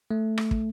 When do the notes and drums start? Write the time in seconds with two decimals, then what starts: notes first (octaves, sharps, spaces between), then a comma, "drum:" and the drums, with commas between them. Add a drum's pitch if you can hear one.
0.11 A3
0.38 drum: rim click
0.51 drum: kick